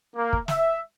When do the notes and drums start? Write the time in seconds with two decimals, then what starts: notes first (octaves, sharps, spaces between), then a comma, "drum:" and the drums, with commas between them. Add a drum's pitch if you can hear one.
0.15 A#3
0.33 drum: kick
0.48 E5, drum: snare